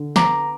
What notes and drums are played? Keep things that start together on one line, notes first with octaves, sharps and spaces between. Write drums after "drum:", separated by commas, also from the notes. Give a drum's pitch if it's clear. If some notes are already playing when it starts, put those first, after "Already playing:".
Already playing: D3
B3 A#5 D6, drum: snare